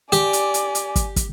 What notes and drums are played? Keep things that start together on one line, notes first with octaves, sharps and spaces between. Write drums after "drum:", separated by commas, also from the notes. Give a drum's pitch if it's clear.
G4 D5 G#5, drum: hi-hat
drum: hi-hat
drum: hi-hat
drum: hi-hat
drum: kick, hi-hat
drum: kick, hi-hat